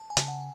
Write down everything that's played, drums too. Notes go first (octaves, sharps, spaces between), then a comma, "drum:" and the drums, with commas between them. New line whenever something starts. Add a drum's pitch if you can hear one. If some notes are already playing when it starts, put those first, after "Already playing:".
Already playing: A5
G#5
C#3, drum: hi-hat
F#5